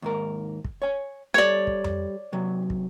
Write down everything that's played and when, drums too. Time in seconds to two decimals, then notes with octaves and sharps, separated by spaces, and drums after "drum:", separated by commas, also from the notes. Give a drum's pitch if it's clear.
0.02 D#2 G#2 A#4
0.65 drum: kick
0.82 C#5 G#5
1.34 G3 A4 C#5 D5
1.67 drum: kick
1.84 drum: tom F2
2.32 C3 F#3
2.70 drum: kick